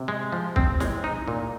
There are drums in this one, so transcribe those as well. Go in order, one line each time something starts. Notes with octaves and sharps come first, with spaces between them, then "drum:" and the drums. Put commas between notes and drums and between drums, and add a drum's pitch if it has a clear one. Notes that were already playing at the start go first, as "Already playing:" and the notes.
Already playing: C3
G#3
F3
C4, drum: kick
G#3, drum: snare
D#4
A#2